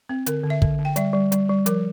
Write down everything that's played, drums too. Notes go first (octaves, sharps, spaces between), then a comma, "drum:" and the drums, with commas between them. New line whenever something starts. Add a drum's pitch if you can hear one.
C4
D3 A#4, drum: hi-hat
D3
E5
D3, drum: kick
D3
G5
G3 E5, drum: hi-hat
G3
G3, drum: hi-hat
G3
F3 A#4, drum: hi-hat